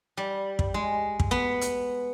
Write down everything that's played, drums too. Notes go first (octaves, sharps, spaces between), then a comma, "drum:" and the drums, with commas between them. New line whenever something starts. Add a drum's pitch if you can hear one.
G3
drum: kick
G#3
drum: kick
B3
drum: hi-hat